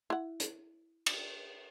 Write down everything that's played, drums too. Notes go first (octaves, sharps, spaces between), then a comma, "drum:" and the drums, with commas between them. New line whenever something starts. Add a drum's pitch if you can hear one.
E4 F#5
drum: hi-hat
drum: cymbal